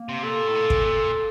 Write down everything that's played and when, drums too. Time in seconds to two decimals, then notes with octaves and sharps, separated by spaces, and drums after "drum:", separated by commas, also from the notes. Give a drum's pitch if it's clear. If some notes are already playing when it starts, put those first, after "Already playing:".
Already playing: A#3
0.09 C3
0.24 A#2 A4
0.47 A2
0.55 A#2
0.70 drum: kick
0.85 A4